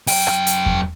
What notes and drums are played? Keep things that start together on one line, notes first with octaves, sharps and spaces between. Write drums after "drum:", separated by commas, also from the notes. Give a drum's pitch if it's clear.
F#2 G5, drum: open hi-hat
drum: rim click
drum: hi-hat
drum: kick E2